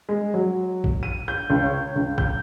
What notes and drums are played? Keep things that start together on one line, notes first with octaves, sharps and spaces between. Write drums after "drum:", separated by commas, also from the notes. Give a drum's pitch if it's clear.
G#3
F#3
drum: kick A#1
D#7
G6
C#2
C#5
C#2
G6, drum: kick A#1